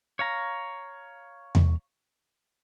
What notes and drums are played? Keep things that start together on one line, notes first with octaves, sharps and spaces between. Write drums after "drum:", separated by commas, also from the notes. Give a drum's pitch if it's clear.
C#5 F5 A#5
drum: tom E2